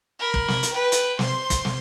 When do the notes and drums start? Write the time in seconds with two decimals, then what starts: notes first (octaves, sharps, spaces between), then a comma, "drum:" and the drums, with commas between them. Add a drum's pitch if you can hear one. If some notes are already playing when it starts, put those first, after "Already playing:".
0.19 A#4 B5
0.34 drum: kick
0.48 drum: snare
0.63 drum: hi-hat
0.72 B4 G5
0.92 drum: hi-hat
1.19 C5 C6, drum: snare
1.50 drum: kick, hi-hat
1.65 drum: snare